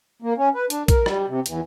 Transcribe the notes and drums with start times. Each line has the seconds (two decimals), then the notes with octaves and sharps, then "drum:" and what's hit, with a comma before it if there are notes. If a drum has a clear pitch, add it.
0.22 A#3
0.38 C#4
0.55 B4
0.70 D4, drum: hi-hat
0.88 A#4, drum: kick A#1, hi-hat
1.06 G3, drum: rim click
1.28 C3
1.46 E2, drum: hi-hat